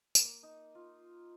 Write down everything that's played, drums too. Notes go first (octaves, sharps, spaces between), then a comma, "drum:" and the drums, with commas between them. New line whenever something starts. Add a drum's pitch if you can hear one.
A#3, drum: tambourine
D#4
F4